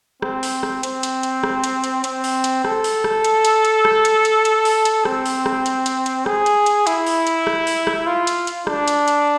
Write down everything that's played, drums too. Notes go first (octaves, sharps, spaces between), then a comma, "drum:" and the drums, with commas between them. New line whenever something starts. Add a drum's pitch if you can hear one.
C4, drum: rim click
drum: open hi-hat
drum: rim click
C4, drum: hi-hat
drum: hi-hat
drum: hi-hat
drum: rim click
drum: hi-hat
drum: hi-hat
C4, drum: hi-hat
drum: open hi-hat
drum: hi-hat
A4, drum: rim click
drum: open hi-hat
drum: rim click
drum: hi-hat
drum: hi-hat
drum: hi-hat
drum: rim click
drum: hi-hat
drum: hi-hat
drum: hi-hat
drum: open hi-hat
drum: hi-hat
C4, drum: rim click
drum: open hi-hat
drum: rim click
drum: hi-hat
drum: hi-hat
drum: hi-hat
G#4, drum: rim click
drum: hi-hat
drum: hi-hat
E4, drum: hi-hat
drum: open hi-hat
drum: hi-hat
drum: rim click
drum: open hi-hat
drum: rim click
F4
drum: hi-hat
drum: hi-hat
D4, drum: rim click
drum: hi-hat
drum: hi-hat